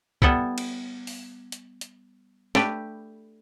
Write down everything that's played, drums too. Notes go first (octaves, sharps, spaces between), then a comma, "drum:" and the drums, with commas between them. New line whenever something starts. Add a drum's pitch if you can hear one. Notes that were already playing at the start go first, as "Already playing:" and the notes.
G3 B3 E4 A4, drum: kick
drum: cymbal
drum: open hi-hat
drum: hi-hat
drum: hi-hat
A3 D4 G4 B4, drum: snare